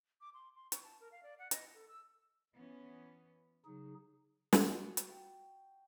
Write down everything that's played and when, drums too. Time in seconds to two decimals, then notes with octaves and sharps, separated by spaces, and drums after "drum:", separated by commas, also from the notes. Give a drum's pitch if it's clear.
0.21 D6
0.34 C6
0.55 C6
0.72 C#6, drum: hi-hat
0.83 A5
1.00 A#4
1.12 F5
1.23 D5
1.39 F#5
1.51 D#5, drum: hi-hat
1.74 A4
1.89 E6
2.54 E3 B3 C#4
3.65 C#3 F#3 D#4 G#4
4.53 F#4, drum: snare
4.97 drum: hi-hat
5.09 G5